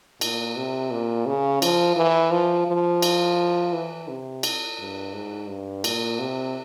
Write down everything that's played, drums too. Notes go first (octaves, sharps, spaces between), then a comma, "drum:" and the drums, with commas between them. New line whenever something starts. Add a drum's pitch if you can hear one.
A#2, drum: cymbal
C3
A#2
C#3
F3, drum: cymbal
E3
F3
F3
drum: cymbal
E3
C3
drum: cymbal
G2
G#2
G2
A#2, drum: cymbal
C3